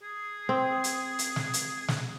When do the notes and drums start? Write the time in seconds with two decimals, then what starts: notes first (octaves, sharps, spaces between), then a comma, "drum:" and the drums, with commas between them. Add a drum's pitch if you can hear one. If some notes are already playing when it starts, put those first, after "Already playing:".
0.03 G#4
0.49 C4
0.84 drum: hi-hat
1.19 drum: hi-hat
1.36 drum: snare
1.54 drum: hi-hat
1.88 drum: snare